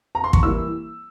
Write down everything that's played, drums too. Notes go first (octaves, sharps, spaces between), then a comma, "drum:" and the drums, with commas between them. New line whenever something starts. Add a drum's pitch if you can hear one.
A#5
C6
C#6, drum: kick
E3 G3 A#3 E4 E6